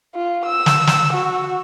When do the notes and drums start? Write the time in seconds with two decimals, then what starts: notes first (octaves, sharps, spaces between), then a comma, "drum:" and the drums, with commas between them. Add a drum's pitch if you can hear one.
0.15 F4
0.45 E6
0.66 drum: snare
0.87 drum: snare
1.13 F#4